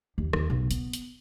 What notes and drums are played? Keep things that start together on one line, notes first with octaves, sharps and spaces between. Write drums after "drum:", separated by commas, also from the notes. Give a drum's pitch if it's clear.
D#2
D#2, drum: rim click
B1
B3, drum: hi-hat
drum: hi-hat